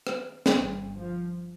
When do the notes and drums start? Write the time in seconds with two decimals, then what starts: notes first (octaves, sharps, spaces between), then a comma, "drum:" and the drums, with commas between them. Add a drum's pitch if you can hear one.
0.07 drum: rim click
0.46 drum: snare
0.56 G1 G2
0.96 F3